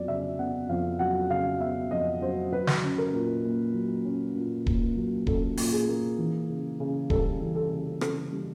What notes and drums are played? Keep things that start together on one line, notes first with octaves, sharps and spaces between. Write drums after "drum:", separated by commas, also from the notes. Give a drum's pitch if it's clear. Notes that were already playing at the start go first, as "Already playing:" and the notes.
Already playing: F2 F#3 B3 D5
C#3 E5
B3 F#5
F2 F5
F#3 F#5
C#3 F5
B3 E5
F2 D#5
F#3 C5
F#3 B4
drum: snare
C#4
A#4
A#2
A#3
F#3
C#4
A#2
A#3, drum: kick D#1
F#3
C#4 A4, drum: kick D#1
A#2, drum: open hi-hat
G#4
A#3
E3
C#3
C#3
G3 A4, drum: kick D#1
E3
A4
C#3
C#3 A4, drum: rim click
G3